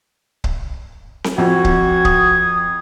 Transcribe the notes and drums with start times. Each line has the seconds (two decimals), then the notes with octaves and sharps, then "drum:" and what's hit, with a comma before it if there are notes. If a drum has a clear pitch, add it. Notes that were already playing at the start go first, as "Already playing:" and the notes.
0.44 drum: kick C#1
1.24 drum: snare C4
1.38 F2 F#4 G#6
1.65 drum: kick C#1
2.05 D#6, drum: kick C#1